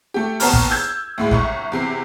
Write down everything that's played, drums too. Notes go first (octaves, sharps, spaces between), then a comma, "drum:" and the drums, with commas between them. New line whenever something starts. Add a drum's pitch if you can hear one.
A3 G4
D#2 B3 C#5 A5 A#5 F6, drum: open hi-hat
drum: kick
E6 G6 G#6
D2 A2 G#3
G1 C2 C#6, drum: kick
E2 C3 C7